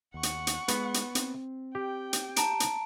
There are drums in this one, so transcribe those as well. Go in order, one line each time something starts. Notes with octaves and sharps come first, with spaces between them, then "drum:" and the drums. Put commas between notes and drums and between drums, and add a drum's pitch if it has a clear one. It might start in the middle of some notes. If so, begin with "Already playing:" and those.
D#2 F#5 C#6
drum: hi-hat
drum: hi-hat
G#3 B3, drum: hi-hat
drum: hi-hat
C4, drum: hi-hat
G4 G5
drum: hi-hat
A5 A#5 D7, drum: hi-hat
drum: hi-hat